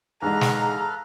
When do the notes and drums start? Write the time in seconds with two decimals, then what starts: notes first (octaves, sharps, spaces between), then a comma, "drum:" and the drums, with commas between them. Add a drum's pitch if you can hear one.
0.22 E2 G#2 G#3 G#4 A4 B4 F5 A#5
0.41 drum: snare